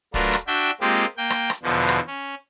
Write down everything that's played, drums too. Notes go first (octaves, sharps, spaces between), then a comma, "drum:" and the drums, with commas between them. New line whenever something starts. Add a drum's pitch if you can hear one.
F#3 A3 D4 F4 A#4 B4, drum: kick
drum: rim click
D4 F#4 E5 G5
G#3 A#3 C4 F4 G4
A#3 G5
drum: rim click
drum: rim click
E2 B2 D3 F3
drum: rim click
C#4